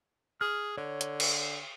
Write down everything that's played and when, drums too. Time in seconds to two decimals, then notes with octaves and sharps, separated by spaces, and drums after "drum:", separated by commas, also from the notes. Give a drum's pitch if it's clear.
0.41 G#4 F6
0.78 D3 C#5
1.01 drum: hi-hat
1.20 drum: cymbal